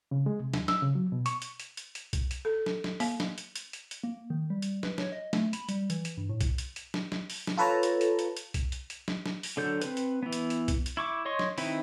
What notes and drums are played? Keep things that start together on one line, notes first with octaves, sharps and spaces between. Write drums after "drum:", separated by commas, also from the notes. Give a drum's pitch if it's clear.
C#3
G#3
C3
D#2, drum: snare
E6, drum: snare
C#3
F#3
B2
C#6, drum: hi-hat
drum: hi-hat
drum: hi-hat
drum: hi-hat
drum: hi-hat
drum: kick B1, hi-hat
drum: hi-hat
A4
drum: snare
drum: snare
A#3 F5, drum: open hi-hat
drum: snare
drum: hi-hat
drum: hi-hat
drum: hi-hat
drum: hi-hat
A#3
D#3
G3
drum: hi-hat
B4, drum: snare
C#5, drum: snare
D#5
A3, drum: snare
B5, drum: hi-hat
G3, drum: hi-hat
E3, drum: hi-hat
drum: hi-hat
G2
A2
drum: kick B1, hi-hat
drum: hi-hat
drum: hi-hat
drum: snare
drum: snare
drum: open hi-hat
drum: snare
F4 A4 B4 C#5 A5 A#5
drum: hi-hat
drum: hi-hat
drum: hi-hat
drum: hi-hat
drum: kick B1, hi-hat
drum: hi-hat
drum: hi-hat
drum: snare
drum: snare
drum: open hi-hat
D3 F#3 A4 G6
C4 B4, drum: hi-hat
drum: hi-hat
E3 B3
drum: hi-hat
drum: hi-hat
drum: kick B1, hi-hat
drum: hi-hat
E4 C#6 D6
C#5 D#5 C6 C#6
drum: snare
D#3 C4 D#4 E4 B4, drum: open hi-hat